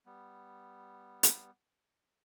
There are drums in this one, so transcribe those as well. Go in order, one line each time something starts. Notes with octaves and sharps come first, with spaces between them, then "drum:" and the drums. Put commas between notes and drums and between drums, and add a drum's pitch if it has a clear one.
G3 B3
drum: hi-hat